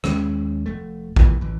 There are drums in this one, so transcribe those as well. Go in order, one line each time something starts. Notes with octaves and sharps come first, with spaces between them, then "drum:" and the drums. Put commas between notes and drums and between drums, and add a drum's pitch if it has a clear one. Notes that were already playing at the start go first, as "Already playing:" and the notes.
D#2 G#3 C#4, drum: rim click
F1 E2 A3
G#1 A#2 E3 A#3, drum: kick A#1
A1 E3